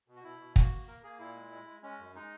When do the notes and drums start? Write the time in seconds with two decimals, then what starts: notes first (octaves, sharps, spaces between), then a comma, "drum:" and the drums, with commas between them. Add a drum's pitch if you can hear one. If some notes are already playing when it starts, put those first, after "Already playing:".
0.08 B2
0.16 F#4
0.24 B2 E4
0.40 B2
0.56 A#3 F#4, drum: kick
0.71 A#3
0.88 A#3 A#4
1.03 A#3 G#4
1.19 A#2 E4
1.35 G#3
1.52 G#3
1.67 G#3
1.82 G#3 C#4
1.99 F#2
2.15 G#3 D#4